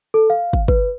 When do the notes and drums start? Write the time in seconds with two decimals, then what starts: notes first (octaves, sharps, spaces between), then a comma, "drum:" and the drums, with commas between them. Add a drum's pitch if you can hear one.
0.14 A4
0.30 F5
0.53 drum: kick
0.68 B4, drum: kick